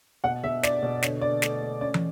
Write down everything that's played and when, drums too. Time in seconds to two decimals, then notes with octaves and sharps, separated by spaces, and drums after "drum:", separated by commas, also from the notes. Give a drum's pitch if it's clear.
0.24 B2 F#5
0.44 B2 E5
0.63 D4 D5, drum: snare
0.83 B2
1.02 D3 C#5, drum: snare
1.21 D3 D5
1.42 A3, drum: snare
1.61 A3
1.81 C#4 D5
1.94 drum: tom